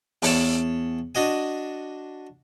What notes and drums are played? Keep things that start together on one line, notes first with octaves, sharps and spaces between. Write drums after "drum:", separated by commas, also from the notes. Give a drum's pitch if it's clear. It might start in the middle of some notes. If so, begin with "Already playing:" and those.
E2 C#5 A5, drum: open hi-hat
D4 F#4 D#5 G#5